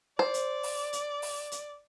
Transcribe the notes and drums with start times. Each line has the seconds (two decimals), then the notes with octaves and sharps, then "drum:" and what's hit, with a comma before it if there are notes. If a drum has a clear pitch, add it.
0.19 C5 D5
0.34 drum: hi-hat
0.63 drum: open hi-hat
0.93 drum: hi-hat
1.22 drum: open hi-hat
1.52 drum: hi-hat